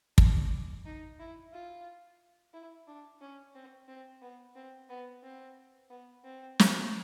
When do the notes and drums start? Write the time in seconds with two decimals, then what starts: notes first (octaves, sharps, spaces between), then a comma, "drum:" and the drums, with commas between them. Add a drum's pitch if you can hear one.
0.18 D4, drum: kick
0.86 D#4
1.19 E4
1.52 F4
2.54 E4
2.87 D4
3.21 C#4
3.55 C4
3.88 C4
4.22 B3
4.56 C4
4.89 B3
5.23 C4
5.90 B3
6.24 C4
6.59 drum: snare